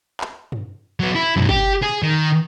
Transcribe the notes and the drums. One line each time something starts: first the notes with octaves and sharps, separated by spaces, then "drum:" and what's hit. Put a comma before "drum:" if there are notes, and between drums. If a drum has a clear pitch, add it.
drum: clap
drum: tom
F#3 B3
E4
B1 F#2
G4, drum: kick
G#4
D#3